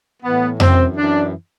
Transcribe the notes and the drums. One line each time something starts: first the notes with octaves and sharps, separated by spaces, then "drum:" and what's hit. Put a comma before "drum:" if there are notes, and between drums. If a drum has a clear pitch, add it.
A2 E3 B3
F#2 E3 C4, drum: tom F2
F#2 E3 D4